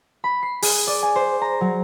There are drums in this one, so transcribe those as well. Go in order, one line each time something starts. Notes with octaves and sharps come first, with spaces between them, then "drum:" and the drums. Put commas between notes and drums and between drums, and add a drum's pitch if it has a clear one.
B5
C7
G#4, drum: open hi-hat
D5
G#5
C5
A#5
F#3